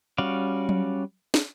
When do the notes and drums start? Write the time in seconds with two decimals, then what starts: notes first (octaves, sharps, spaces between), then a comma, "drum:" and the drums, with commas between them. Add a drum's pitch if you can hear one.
0.18 G3 C#4 F#4 D5 F5
0.69 drum: tom F#3
1.34 drum: snare